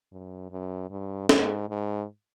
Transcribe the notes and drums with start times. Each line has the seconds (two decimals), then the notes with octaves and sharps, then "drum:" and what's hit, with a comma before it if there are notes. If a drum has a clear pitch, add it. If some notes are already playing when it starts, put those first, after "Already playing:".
0.12 F#2
0.51 F#2
0.90 G2
1.29 G#2, drum: snare
1.69 G#2